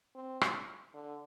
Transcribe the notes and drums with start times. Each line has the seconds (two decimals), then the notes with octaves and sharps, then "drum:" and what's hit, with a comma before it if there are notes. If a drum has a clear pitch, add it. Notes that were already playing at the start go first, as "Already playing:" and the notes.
0.15 C4
0.41 drum: rim click
0.94 D3